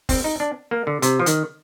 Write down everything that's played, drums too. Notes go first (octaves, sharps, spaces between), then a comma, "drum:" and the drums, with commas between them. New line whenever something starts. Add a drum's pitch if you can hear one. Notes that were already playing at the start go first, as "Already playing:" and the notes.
C4, drum: kick, open hi-hat
D#4
D4
A#3
D3
C3, drum: hi-hat
F3
D#3, drum: hi-hat